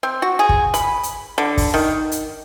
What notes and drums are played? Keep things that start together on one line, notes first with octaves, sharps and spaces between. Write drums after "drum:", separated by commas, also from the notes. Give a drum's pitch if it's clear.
C4
F#4
G#4
drum: kick
B5, drum: hi-hat
drum: hi-hat
D3
drum: kick, open hi-hat
D#3
drum: hi-hat